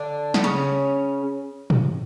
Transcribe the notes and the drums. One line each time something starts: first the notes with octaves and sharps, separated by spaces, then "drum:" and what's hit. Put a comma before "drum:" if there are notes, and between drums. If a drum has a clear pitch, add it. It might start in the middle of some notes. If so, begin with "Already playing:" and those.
Already playing: D3 D4
B3, drum: snare
C#3 C#4
drum: tom